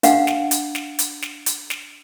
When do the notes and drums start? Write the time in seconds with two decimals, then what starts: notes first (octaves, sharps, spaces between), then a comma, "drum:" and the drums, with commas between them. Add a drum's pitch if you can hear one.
0.03 D4 F5 F#5, drum: hi-hat
0.27 drum: snare
0.51 drum: hi-hat
0.75 drum: snare
0.99 drum: hi-hat
1.22 drum: snare
1.46 drum: hi-hat
1.70 drum: snare